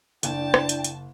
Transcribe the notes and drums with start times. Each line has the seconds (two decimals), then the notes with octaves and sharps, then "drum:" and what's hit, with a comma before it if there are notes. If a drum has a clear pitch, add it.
0.23 F#1 D4 E4 G5 A5, drum: hi-hat
0.54 drum: rim click
0.69 drum: hi-hat
0.84 drum: hi-hat